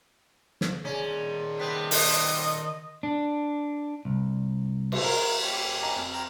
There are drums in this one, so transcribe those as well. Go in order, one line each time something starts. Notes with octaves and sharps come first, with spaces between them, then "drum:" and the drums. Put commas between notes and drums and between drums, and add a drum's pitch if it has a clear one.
drum: snare
D#3 C#4 G#4 D5
C3 B3 C4
D#5, drum: open hi-hat
D4
C2
drum: cymbal
A#4
A#3 C#4 G4
D#5 G#5 A#5
F2
G5 A#5 F6